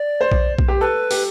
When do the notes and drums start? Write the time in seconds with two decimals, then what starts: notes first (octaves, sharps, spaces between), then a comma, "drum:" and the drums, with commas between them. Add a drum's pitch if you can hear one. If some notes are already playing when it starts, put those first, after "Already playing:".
Already playing: D5
0.21 C5
0.32 drum: kick B1
0.59 drum: kick B1
0.68 G4
0.81 A4 B4
1.11 G4, drum: open hi-hat